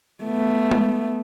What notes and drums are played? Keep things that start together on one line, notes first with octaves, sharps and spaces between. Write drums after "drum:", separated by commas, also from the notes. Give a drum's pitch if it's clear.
A3 B3
drum: tom G#3